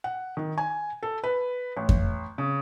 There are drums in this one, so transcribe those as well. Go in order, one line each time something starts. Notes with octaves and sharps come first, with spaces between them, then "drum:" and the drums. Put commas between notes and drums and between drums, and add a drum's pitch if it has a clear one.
F#5
D#3
G#5
A4
B4
A1
drum: kick F2
C#3